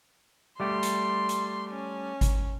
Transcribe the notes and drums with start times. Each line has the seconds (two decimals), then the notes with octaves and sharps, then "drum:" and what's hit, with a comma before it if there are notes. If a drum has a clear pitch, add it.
0.60 G3 A3 G4 C6
0.83 drum: hi-hat
1.29 drum: hi-hat
1.70 C#4
2.21 drum: kick G#1, hi-hat